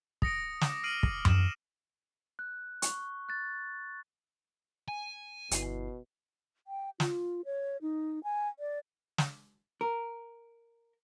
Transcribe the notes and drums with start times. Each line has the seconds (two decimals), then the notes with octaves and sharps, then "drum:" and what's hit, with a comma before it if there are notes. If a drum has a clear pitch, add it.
0.22 D#6 A#6 C#7 D7, drum: kick
0.61 D6, drum: snare
0.83 F6 C7 D7 D#7 F#7
1.03 drum: kick
1.25 E6 E7, drum: tom F#2
2.39 F#6
2.82 C#6, drum: hi-hat
3.29 F#6 A6
4.88 G#5
5.51 G1 B2 E4 C7, drum: hi-hat
6.67 G5
7.00 F4, drum: snare
7.45 C#5
7.82 D#4
8.24 G#5
8.59 D5
9.18 drum: snare
9.81 A#4